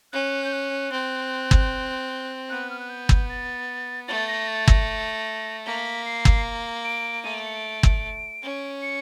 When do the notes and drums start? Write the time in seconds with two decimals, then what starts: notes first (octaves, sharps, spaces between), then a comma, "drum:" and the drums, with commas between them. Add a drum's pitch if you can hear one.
0.13 C#4 F#6
0.45 G6
0.53 F#6
0.92 C4
1.51 drum: kick G1
2.50 B3 F#6
2.70 F6
2.79 F#6
2.90 G6
3.09 drum: kick G1
3.29 A6
4.08 A3 A6
4.28 A#6
4.47 A6
4.68 A#6, drum: kick G1
5.66 A#3 B6
6.06 C7
6.25 drum: kick G1
6.85 D7
7.24 A3 D#7
7.34 D7
7.45 C#7
7.55 D7
7.83 drum: kick G1
8.42 C#4
8.82 C#7